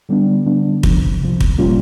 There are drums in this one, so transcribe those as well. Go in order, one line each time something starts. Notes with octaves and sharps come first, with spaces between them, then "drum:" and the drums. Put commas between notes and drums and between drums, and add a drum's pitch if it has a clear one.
D3 G3 B3 D4
D3 G3 B3 D4
C2 C3 F3, drum: kick
C2 C3 F3
drum: kick
A#2 G3 A#3 C#4 F4